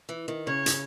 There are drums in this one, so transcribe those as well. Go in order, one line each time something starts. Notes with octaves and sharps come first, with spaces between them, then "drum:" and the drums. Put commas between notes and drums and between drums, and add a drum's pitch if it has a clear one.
E3
D#3
C#3 C#5
drum: hi-hat